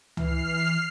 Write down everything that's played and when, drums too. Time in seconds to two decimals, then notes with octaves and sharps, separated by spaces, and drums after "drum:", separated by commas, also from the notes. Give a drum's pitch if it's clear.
0.17 E3 F6 C7, drum: tom C#2